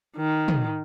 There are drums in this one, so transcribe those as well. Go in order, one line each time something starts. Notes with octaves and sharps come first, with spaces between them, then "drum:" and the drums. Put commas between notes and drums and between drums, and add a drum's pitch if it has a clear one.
D#3
drum: tom